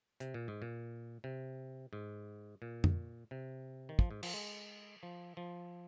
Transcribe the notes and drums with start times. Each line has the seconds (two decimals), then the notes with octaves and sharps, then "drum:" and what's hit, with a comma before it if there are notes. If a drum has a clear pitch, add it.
0.20 C3, drum: hi-hat
0.34 A#2
0.48 G#2
0.62 A#2
1.24 C3
1.93 G#2
2.62 A#2
2.84 drum: tom F2
3.31 C3
3.89 D#3
3.99 F3, drum: kick
4.11 G#2
4.23 F3, drum: cymbal
4.34 G#3
5.03 F3
5.37 F3